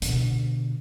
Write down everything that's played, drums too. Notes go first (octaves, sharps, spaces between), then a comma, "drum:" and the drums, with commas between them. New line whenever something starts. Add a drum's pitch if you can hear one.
B2 D3, drum: hi-hat